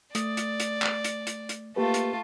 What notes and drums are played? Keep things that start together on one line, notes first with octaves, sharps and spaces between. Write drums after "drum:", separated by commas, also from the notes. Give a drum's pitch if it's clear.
A3 D5 D#6, drum: hi-hat
drum: hi-hat
drum: hi-hat
drum: clap
drum: hi-hat
drum: hi-hat
drum: hi-hat
A3 A#3 F4 G4 B4
drum: hi-hat